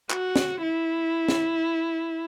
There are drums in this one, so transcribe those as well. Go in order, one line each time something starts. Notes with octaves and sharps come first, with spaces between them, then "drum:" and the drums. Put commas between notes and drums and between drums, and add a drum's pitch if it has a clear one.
F#4, drum: clap
drum: snare
E4
drum: snare